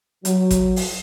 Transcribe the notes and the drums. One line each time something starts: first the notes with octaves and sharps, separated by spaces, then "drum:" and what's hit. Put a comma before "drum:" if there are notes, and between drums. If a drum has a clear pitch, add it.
F#3, drum: hi-hat
drum: kick G#1, hi-hat
drum: open hi-hat